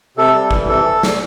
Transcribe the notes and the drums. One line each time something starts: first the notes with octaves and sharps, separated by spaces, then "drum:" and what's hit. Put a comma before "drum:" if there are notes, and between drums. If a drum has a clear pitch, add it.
C3 A4
G3
E3, drum: kick
C3 A4
drum: snare